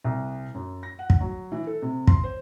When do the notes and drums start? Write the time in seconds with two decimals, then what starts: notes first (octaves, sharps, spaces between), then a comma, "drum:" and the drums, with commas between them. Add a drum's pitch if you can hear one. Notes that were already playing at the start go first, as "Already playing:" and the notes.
0.04 C2
0.54 F#2
0.83 A#6
0.99 F#5
1.10 drum: kick
1.21 F#3
1.52 E3
1.67 A4
1.82 C3
2.07 C6, drum: kick
2.24 C5